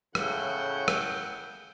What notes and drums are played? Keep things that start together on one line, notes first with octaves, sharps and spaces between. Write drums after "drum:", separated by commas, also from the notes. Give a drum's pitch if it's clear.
A2 C#3 F#5 G5, drum: rim click
drum: rim click